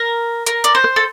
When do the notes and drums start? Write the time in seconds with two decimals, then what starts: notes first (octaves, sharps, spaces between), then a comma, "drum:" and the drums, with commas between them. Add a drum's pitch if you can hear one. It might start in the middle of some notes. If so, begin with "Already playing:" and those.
Already playing: A#4
0.46 A#4, drum: hi-hat
0.64 D5, drum: hi-hat
0.75 C5
0.84 drum: rim click
0.96 A4